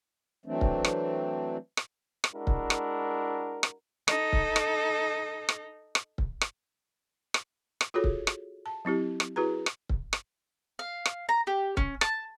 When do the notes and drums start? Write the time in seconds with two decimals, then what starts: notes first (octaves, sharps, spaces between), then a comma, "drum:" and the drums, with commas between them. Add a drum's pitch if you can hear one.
0.46 E3 F#3 A3 C4 D4
0.61 drum: kick C#1
0.84 drum: rim click
1.77 drum: rim click
2.24 drum: rim click
2.33 G#3 D4 E4 F#4 A#4
2.47 drum: kick C#1
2.70 drum: rim click
3.63 drum: rim click
4.08 D#4 A4, drum: rim click
4.33 drum: kick C#1
4.56 drum: rim click
5.49 drum: rim click
5.95 drum: rim click
6.18 drum: kick C#1
6.41 drum: rim click
7.34 drum: rim click
7.81 drum: rim click
7.94 F4 F#4 G#4 A4 C#5
8.04 drum: kick C#1
8.27 drum: rim click
8.66 A5
8.85 F#3 C4 E4 G4
9.20 drum: rim click
9.36 E4 F#4 G#4 B4 A#5
9.66 drum: rim click
9.89 drum: kick C#1
10.13 drum: rim click
10.79 F5
11.05 drum: rim click
11.29 A#5
11.47 G4
11.77 C#4, drum: kick C#1
12.01 A5, drum: rim click